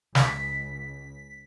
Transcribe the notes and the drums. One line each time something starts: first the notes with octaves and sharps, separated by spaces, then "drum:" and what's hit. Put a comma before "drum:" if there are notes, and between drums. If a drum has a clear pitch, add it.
C#2 B6, drum: snare